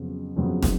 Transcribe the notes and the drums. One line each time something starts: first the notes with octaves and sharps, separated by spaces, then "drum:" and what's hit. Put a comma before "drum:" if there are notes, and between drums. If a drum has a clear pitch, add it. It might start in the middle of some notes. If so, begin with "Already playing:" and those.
Already playing: F2 C#3 F#3 B3
F2 C#3 F#3 B3
drum: snare